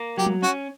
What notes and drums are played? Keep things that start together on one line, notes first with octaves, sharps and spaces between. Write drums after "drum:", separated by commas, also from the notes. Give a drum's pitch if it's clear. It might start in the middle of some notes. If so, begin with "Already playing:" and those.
Already playing: A#3
F#3 G4
drum: tom G3
C#4 F#4